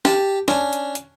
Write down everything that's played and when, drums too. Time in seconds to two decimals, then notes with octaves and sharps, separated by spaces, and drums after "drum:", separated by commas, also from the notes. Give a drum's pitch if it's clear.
0.05 G4 A5, drum: snare
0.48 C#4 D4, drum: snare
0.73 drum: hi-hat
0.95 drum: hi-hat